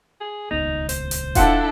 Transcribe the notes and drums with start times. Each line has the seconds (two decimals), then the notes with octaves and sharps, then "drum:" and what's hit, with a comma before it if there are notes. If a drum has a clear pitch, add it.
0.21 G#4
0.51 D#1 C#2 B3 D#4
0.89 C5, drum: hi-hat
1.11 drum: hi-hat
1.35 D4 E4 F4 A4 F#5, drum: kick D#1, hi-hat